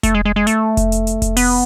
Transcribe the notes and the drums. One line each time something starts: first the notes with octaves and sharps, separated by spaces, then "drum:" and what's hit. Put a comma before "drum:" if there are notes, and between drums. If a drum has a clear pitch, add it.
A3, drum: kick F1, hi-hat
G#3
G#3
G#3
A3, drum: hi-hat
drum: kick F1, hi-hat
drum: hi-hat
drum: hi-hat
drum: kick F1, hi-hat
B3, drum: open hi-hat